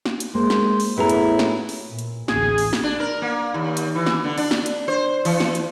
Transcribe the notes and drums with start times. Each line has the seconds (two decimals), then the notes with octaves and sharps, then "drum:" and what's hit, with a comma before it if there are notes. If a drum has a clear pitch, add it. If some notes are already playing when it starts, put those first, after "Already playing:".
0.06 drum: snare
0.20 drum: hi-hat
0.35 G#3 A#3 C5
0.50 drum: snare
0.80 drum: open hi-hat
0.98 A2 B3 E4 G#4 B4 A#5
1.09 drum: hi-hat
1.39 drum: snare
1.69 drum: open hi-hat
1.89 A#2
1.99 drum: hi-hat
2.28 A1 D2 G#4, drum: snare
2.58 drum: open hi-hat
2.73 drum: snare
2.83 D4
3.00 A#4
3.22 A#3
3.54 D#2
3.77 drum: hi-hat
3.95 E3
4.06 drum: snare
4.24 D3
4.38 D4, drum: open hi-hat
4.51 drum: snare
4.66 drum: hi-hat
4.88 C5
5.25 E3, drum: open hi-hat
5.40 drum: snare
5.55 drum: hi-hat